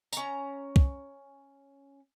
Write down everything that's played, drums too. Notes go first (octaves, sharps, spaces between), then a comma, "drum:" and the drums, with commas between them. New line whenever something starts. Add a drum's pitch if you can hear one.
C#4 A#5, drum: tambourine
drum: kick C2